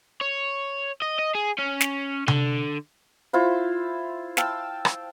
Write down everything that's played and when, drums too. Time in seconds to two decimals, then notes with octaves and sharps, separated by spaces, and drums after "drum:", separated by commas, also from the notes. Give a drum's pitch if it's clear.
0.21 C#5
1.02 D#5
1.19 D#5
1.35 G#4
1.59 C#4
1.81 drum: snare
2.28 D3, drum: tom C3
3.33 E4 F4 C5
4.37 F5 G5 A5 E6, drum: snare
4.85 drum: rim click